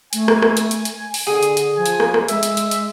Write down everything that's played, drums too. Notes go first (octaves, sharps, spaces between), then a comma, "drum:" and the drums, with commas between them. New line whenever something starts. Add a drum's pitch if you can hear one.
A3 G#5, drum: hi-hat
drum: rim click
drum: rim click
drum: hi-hat
drum: hi-hat
drum: hi-hat
drum: open hi-hat
D3 G#4
drum: hi-hat
drum: hi-hat
F3 G#5
drum: hi-hat
drum: rim click
drum: rim click
G#3 E5, drum: hi-hat
drum: hi-hat
drum: hi-hat
drum: hi-hat